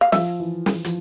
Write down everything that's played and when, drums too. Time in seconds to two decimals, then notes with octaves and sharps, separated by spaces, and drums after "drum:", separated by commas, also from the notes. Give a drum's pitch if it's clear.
0.01 F5
0.12 F3 E5, drum: snare
0.40 E3
0.66 E3, drum: snare
0.84 F3, drum: hi-hat